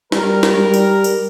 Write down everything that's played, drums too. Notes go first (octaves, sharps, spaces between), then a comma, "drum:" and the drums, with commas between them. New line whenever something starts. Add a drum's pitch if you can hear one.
G3 A#4, drum: snare
drum: snare
G3
drum: tambourine
drum: tambourine